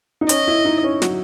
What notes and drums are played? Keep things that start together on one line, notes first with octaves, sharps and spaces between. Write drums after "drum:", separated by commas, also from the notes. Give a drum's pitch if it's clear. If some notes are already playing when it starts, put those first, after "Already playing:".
D#4
C#4 D#5, drum: hi-hat
E4
D#4
C#4
F#3, drum: snare